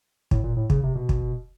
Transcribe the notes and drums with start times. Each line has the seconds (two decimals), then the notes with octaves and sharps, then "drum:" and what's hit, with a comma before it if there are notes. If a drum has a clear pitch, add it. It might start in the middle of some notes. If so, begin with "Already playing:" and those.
0.31 A2, drum: kick
0.44 A#2
0.57 A2
0.70 C#3, drum: kick
0.83 C3
0.95 B2
1.09 drum: kick